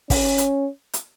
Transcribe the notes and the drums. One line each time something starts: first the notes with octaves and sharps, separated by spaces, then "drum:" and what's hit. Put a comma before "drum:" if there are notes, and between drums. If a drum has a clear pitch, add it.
C#4, drum: kick, open hi-hat
drum: hi-hat
drum: hi-hat